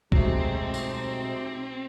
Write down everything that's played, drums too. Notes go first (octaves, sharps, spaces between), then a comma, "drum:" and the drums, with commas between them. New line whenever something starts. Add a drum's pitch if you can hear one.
B2 F#3 G#3 A3 C4 D#4 G4, drum: kick
drum: tambourine